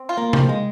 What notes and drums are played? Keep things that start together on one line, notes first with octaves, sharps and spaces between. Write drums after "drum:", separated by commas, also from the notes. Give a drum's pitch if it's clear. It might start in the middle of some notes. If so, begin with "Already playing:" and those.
Already playing: C4
F4
A#3
D#3, drum: tom C3
F3
G#3